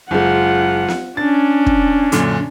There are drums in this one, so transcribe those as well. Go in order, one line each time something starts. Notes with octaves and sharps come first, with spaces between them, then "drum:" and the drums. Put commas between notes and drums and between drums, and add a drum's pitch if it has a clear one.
F#1 G#3 F4 F#5
drum: snare
C#4 D4 A6
drum: kick
F#2 A#2 D3, drum: hi-hat